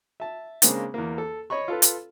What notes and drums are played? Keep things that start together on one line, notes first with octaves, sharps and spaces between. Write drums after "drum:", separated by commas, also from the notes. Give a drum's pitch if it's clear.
E5 A5
C#3 G#3 A#3 C4 D4, drum: hi-hat
E2 A#3
A4
C#5 D#5 B5 C#6
F4 A4 B4
drum: hi-hat